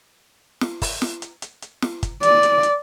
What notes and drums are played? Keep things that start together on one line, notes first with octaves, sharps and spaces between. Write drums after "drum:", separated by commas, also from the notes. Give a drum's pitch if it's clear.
drum: snare
drum: kick G1, open hi-hat
drum: snare
drum: hi-hat
drum: hi-hat
drum: hi-hat
drum: snare
drum: kick G1, hi-hat
D5, drum: hi-hat
drum: hi-hat
drum: hi-hat